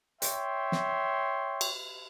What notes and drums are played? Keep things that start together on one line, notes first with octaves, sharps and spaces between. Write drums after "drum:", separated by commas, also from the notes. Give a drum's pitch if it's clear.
C#5 E5 G5 C6, drum: hi-hat
drum: snare
drum: cymbal